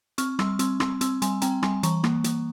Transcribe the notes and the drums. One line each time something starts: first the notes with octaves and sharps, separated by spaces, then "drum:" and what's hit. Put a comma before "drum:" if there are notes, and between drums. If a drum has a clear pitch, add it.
C4 C#6 F6, drum: hi-hat
G3 C6 E6, drum: rim click
C4 C6 E6, drum: hi-hat
C4 C6 E6, drum: rim click
C4 C6 E6, drum: hi-hat
G3 G#5 C6, drum: hi-hat
C4 G5 A#5, drum: hi-hat
G3 G#5 C6, drum: rim click
E3 A#5 C#6, drum: hi-hat
A#3, drum: rim click
A#3, drum: hi-hat